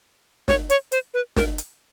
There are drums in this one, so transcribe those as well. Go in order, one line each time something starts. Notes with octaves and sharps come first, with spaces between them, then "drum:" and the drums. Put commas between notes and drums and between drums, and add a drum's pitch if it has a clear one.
C#5, drum: snare
C#5, drum: hi-hat
C5, drum: hi-hat
B4
A#4, drum: snare
drum: hi-hat